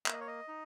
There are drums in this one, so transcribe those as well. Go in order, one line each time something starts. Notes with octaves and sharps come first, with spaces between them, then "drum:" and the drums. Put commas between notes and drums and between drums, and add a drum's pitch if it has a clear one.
A#3 E5, drum: clap
D#5
C#5
D#5
D#4